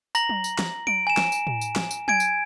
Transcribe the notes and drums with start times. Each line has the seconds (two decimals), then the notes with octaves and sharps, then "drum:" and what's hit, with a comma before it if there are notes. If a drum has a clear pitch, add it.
0.15 A#5 A#6 F#7, drum: tambourine
0.29 drum: tom F#3
0.44 drum: tambourine
0.59 drum: snare
0.87 D7, drum: tom F#3
1.07 G#5 E7
1.17 drum: snare
1.32 drum: tambourine
1.47 drum: tom A2
1.61 drum: tambourine
1.76 drum: snare
1.91 drum: tambourine
2.08 G#5 G#6 D7, drum: tom F#3
2.20 drum: tambourine